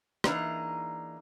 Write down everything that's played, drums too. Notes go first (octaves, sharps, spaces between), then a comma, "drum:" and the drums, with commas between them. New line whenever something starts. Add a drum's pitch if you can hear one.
E3 A#3 D4 D#4 G#4 A#5, drum: rim click